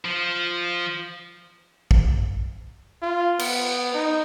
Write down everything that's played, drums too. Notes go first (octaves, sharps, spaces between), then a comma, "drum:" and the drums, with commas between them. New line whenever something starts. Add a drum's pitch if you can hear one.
F3
drum: kick
F4
B3, drum: cymbal
D#4